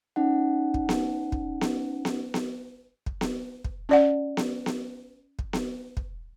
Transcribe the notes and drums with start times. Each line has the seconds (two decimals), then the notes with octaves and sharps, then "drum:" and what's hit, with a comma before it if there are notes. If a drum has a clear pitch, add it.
0.16 C#4 D#4 F#5
0.74 drum: kick
0.89 drum: snare B3
1.32 drum: kick
1.61 drum: snare B3
2.05 drum: snare B3
2.34 drum: snare B3
3.06 drum: kick
3.21 drum: snare B3
3.64 drum: kick
3.89 C#4 D5 F#5
4.37 drum: snare B3
4.66 drum: snare B3
5.39 drum: kick
5.53 drum: snare B3
5.97 drum: kick